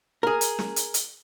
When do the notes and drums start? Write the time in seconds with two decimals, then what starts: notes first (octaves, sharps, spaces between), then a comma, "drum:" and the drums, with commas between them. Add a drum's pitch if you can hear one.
0.23 G#4 A#4
0.41 drum: hi-hat
0.59 drum: snare
0.76 drum: hi-hat
0.94 drum: hi-hat